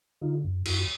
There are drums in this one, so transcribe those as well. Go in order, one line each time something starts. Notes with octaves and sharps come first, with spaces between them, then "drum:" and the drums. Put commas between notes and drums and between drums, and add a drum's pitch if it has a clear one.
D3 D#4 F4
F#2
F#2 E4 F#4, drum: cymbal